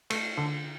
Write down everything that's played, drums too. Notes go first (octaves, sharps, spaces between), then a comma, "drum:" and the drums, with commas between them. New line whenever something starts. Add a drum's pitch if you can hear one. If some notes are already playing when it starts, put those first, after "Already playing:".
A3, drum: cymbal
D3